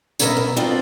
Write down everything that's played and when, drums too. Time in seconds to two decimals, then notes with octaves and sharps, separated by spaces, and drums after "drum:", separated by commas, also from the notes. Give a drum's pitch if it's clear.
0.19 B2 B3 C#4 A#4 D#5 E5, drum: tambourine
0.37 B2
0.57 C4 D4 F4 D5 D#5